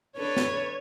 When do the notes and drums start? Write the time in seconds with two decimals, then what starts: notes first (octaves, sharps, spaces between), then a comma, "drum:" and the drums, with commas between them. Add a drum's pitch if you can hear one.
0.17 D4 A4 B4 C#5
0.37 drum: snare